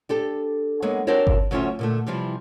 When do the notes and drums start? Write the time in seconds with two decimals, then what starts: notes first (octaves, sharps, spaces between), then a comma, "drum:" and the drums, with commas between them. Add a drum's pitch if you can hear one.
0.09 D4 G4 A4
0.82 F#3 G#3 A#3 B3
1.07 C4 D4 F#4 A#4 C5 C#5
1.27 drum: kick G1
1.51 D2 F#3 G3 C#4 F4 E5
1.79 A#2 D3 A3
2.07 C3 E3 F3 G3